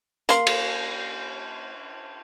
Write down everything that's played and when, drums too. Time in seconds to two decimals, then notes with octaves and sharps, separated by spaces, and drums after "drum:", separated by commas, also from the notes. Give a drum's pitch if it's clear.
0.29 A#3 C6, drum: hi-hat
0.47 drum: cymbal